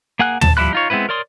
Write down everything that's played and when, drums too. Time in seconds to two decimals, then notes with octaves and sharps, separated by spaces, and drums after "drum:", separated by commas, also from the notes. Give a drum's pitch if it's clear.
0.19 A#3 G#4 F#5 G#5 F#6
0.41 A5, drum: tom
0.57 F3 G3 E4 B5 F#6
0.73 D#4 F4 C#5
0.90 G#3 B3 C4 E4 B4
1.09 A#4 C#5 D5 C6 D#6